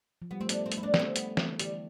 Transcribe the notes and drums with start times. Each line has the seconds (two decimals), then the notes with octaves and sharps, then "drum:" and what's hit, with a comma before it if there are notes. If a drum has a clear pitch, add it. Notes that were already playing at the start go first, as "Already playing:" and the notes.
0.22 F3
0.31 G3 B3
0.40 A3 C4
0.49 B3 D4, drum: hi-hat
0.66 C4
0.72 A3, drum: hi-hat
0.77 G3 E4
0.83 A3 D4
0.94 B3, drum: snare
0.99 C4
1.16 A3 B3, drum: hi-hat
1.37 E3 A3, drum: snare
1.59 D3 G3, drum: hi-hat